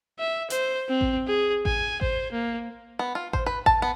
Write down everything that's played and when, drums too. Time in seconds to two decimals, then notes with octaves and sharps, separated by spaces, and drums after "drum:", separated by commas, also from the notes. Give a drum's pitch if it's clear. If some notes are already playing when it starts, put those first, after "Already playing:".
0.19 E5
0.50 C5, drum: hi-hat
0.89 C4
1.01 drum: kick A1
1.27 G#4
1.65 G#5, drum: kick A1
2.01 C5, drum: kick A1
2.32 A#3
2.99 B3
3.15 F4
3.33 C5, drum: kick A1
3.46 B4
3.66 A5, drum: kick A1
3.82 B3